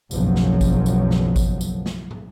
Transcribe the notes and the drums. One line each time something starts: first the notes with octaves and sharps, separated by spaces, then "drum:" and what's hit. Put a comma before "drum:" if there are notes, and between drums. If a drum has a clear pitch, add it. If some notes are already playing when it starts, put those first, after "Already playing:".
F#1 B1 F#2 F3 F#3, drum: tambourine
drum: snare
drum: kick G#1, tambourine
drum: tambourine
drum: snare
drum: kick G#1, tambourine
drum: tambourine
drum: snare
drum: tom